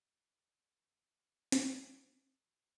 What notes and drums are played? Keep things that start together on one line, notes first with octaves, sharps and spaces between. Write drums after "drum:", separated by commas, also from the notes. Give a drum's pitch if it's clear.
G3 G#4 A#4
drum: snare